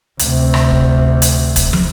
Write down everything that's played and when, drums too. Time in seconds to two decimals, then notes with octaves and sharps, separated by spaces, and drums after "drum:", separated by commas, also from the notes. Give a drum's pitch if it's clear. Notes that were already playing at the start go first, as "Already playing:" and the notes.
0.20 D2 C3, drum: hi-hat
0.54 drum: rim click
0.71 drum: kick
1.22 drum: hi-hat
1.56 drum: kick, hi-hat
1.73 drum: tom